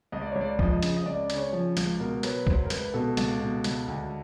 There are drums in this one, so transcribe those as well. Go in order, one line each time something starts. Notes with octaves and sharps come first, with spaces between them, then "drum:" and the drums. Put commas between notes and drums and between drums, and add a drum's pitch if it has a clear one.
C#2 D#5
D5
C#2 C#5
D5
F3 D#5, drum: kick
C#3, drum: hi-hat
D#5
C#2 D5
C#3, drum: hi-hat
C#5
F3
C#2, drum: hi-hat
B2 A#4
F#3 B4, drum: hi-hat
C#2 C5, drum: kick
A#4
C#2 B4, drum: hi-hat
B2 A4
C#2, drum: hi-hat
B2
C#2, drum: hi-hat
D2